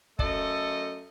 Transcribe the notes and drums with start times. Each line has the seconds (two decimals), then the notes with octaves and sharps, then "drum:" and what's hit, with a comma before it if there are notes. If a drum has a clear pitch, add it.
0.19 F#2 A3 A4 D#5, drum: kick